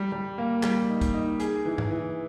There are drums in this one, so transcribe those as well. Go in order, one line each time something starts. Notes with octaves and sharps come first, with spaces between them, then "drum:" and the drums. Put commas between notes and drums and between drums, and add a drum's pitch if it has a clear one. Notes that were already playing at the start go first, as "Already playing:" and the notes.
Already playing: G3
G3
A#3
G3, drum: clap
D#4
drum: kick, hi-hat
D#4
G#4, drum: hi-hat
E3
drum: tom G#2
E3